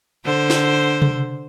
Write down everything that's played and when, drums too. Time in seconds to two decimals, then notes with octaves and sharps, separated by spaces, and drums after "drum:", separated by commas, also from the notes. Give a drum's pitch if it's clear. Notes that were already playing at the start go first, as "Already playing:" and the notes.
0.25 D3 C5
0.50 drum: snare
1.02 drum: tom C3